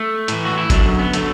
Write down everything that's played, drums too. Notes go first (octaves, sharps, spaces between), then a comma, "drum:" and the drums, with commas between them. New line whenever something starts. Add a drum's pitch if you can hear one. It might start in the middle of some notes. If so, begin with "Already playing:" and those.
Already playing: A3
A2 E3, drum: hi-hat
F#4
E4
F#2 D3 F#3 D4, drum: kick G1, hi-hat
B3
D3 F#3 A3, drum: hi-hat